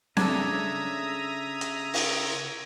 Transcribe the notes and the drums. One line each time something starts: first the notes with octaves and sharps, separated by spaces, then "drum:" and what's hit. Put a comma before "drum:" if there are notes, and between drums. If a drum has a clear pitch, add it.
C#3 D4 A4 E5 A5 A#5 D#6 G#6, drum: snare C4
drum: hi-hat
drum: open hi-hat